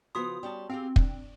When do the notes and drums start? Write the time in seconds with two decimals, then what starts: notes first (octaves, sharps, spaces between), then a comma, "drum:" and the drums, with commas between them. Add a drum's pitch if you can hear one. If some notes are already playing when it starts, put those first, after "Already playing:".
0.15 C#3 F3 B3 F#4 C6 D#6
0.43 G3 C#4 A5
0.70 C4 G4 G#4 F5
0.96 D4, drum: kick